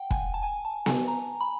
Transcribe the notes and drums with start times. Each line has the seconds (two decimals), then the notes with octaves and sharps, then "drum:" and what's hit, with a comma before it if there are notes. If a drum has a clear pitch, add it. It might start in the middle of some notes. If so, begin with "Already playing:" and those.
Already playing: F#5 G5
0.11 G#5, drum: kick
0.34 A5
0.43 G#5
0.65 A5
0.86 G#5, drum: snare B3
1.08 A#5
1.41 B5